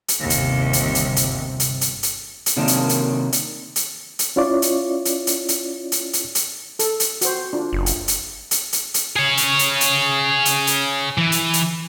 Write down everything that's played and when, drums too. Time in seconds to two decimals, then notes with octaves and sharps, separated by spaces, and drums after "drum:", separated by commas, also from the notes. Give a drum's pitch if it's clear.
0.08 drum: hi-hat
0.20 G1 D#2 C3
0.30 drum: hi-hat
0.73 drum: hi-hat
0.95 drum: hi-hat
1.16 drum: hi-hat
1.60 drum: hi-hat
1.81 drum: hi-hat
2.03 drum: hi-hat
2.46 drum: hi-hat
2.57 C3 D#3 F#3 A#3 D4
2.68 drum: hi-hat
2.89 drum: hi-hat
3.32 drum: hi-hat
3.76 drum: hi-hat
4.19 drum: hi-hat
4.36 C#4 E4 F4 C#5 D5
4.62 drum: hi-hat
5.05 drum: hi-hat
5.27 drum: hi-hat
5.49 drum: hi-hat
5.92 drum: hi-hat
6.13 drum: hi-hat
6.35 drum: hi-hat
6.79 A4, drum: hi-hat
7.00 drum: hi-hat
7.21 F#4 C5, drum: hi-hat
7.53 D4 F4
7.73 F#1
7.86 drum: hi-hat
8.08 drum: hi-hat
8.51 drum: hi-hat
8.73 drum: hi-hat
8.94 drum: hi-hat
9.16 G#4 C#5
9.37 drum: hi-hat
9.59 drum: hi-hat
9.81 drum: hi-hat
10.45 drum: hi-hat
10.67 drum: hi-hat
11.18 E3
11.32 drum: hi-hat
11.53 drum: hi-hat